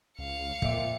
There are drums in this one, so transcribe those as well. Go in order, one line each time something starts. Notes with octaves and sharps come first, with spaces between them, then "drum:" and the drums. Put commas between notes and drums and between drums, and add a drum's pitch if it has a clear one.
C#2 F5 C#7
F2 A#2 E5 D6, drum: kick